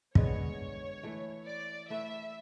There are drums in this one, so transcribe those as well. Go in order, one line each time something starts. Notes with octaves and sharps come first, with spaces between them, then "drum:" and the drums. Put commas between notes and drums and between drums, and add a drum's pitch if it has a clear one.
D3 G#3 B3 C#5, drum: kick
E3 A3 E4
D5
A3 E4 B4 E5